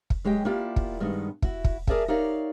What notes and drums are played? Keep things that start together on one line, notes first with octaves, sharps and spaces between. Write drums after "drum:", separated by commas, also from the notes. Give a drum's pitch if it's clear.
drum: kick
F#2 G#3 G4 D#5 G5
A#3 B3 E4 F4 G4 D5
drum: kick
G2 D#3 G#3 B3
E4 F#4, drum: kick
drum: kick
G#4 A#4 D5 E5 G#5 A5, drum: kick
D#4 G4 A#4 C#5 D5 F5